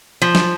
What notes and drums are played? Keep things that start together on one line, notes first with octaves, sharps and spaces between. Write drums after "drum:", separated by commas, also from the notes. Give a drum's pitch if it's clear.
F3
drum: snare